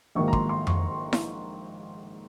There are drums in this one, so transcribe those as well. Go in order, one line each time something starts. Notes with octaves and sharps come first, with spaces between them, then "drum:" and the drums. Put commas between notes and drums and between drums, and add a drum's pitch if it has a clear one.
A#1 G#2 D#3 F#3 A#3 C#6
A#5
C6, drum: kick
C6
C#6, drum: tom F2
drum: snare E4